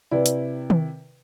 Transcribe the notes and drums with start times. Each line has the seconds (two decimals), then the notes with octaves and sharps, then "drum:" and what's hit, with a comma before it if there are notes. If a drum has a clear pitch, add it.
0.11 C3 E4 B4 D5
0.26 drum: hi-hat
0.70 drum: tom D#3